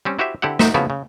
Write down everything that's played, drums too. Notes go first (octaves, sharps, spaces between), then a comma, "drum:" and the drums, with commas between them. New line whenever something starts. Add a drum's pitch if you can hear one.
G3 C4 C#4
E4 F#4 G4 C5 E5
D3 C4 E4 G4 F#5
D#4 F#4 C5 E5, drum: snare
C#3 F3 B3 E4 F#4
C#3